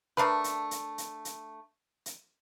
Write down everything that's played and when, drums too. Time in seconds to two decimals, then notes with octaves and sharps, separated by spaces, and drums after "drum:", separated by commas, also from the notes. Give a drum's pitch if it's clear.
0.17 A3 D4 A#4 B4, drum: snare
0.44 drum: hi-hat
0.71 drum: hi-hat
0.98 drum: hi-hat
1.25 drum: hi-hat
2.06 drum: hi-hat